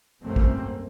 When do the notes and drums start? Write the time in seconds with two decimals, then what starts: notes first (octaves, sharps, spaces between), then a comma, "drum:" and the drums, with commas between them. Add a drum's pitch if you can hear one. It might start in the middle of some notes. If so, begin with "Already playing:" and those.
0.21 C2 F#2 B2 A3 A#3 C4
0.36 drum: kick